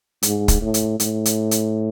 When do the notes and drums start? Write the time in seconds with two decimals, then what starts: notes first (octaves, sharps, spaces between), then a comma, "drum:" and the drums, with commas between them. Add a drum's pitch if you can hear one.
0.22 G#2, drum: hi-hat
0.48 drum: kick, hi-hat
0.61 A2
0.74 drum: hi-hat
1.00 A2, drum: hi-hat
1.25 drum: hi-hat
1.51 drum: hi-hat